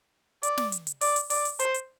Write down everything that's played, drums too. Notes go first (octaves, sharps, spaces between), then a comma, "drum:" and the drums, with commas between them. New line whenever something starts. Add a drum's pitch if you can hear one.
D5, drum: hi-hat
drum: snare
drum: hi-hat
drum: hi-hat
D5, drum: open hi-hat
drum: hi-hat
D5, drum: open hi-hat
drum: hi-hat
C5, drum: hi-hat
drum: hi-hat